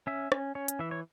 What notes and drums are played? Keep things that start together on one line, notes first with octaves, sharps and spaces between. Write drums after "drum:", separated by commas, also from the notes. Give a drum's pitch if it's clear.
C#4 E5
C#4, drum: rim click
C#4 C#5
drum: hi-hat
E3 E5
C#5